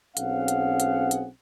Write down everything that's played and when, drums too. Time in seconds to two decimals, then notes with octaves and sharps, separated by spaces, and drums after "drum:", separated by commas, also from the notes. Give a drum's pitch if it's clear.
0.17 B1 C4 C#4 G#4 F5 F#5, drum: hi-hat
0.48 drum: hi-hat
0.80 drum: hi-hat
1.11 drum: hi-hat